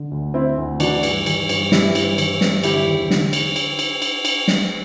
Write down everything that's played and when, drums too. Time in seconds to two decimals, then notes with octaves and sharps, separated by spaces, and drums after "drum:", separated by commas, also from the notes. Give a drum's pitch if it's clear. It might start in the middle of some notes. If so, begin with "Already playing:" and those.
Already playing: D3
0.11 D2
0.34 D3 C4 E4
0.58 D2
0.80 E3 D4 F#4, drum: cymbal
1.03 G2, drum: cymbal
1.26 E3, drum: cymbal
1.49 G2, drum: cymbal
1.72 E3 E4 G4, drum: snare
1.95 G2, drum: cymbal
2.18 E3, drum: cymbal
2.41 G2, drum: snare
2.63 D3 E4 G4, drum: cymbal
2.87 E2
3.11 D3, drum: snare
3.33 drum: cymbal
3.56 drum: cymbal
3.79 drum: cymbal
4.02 drum: cymbal
4.25 drum: cymbal
4.48 drum: snare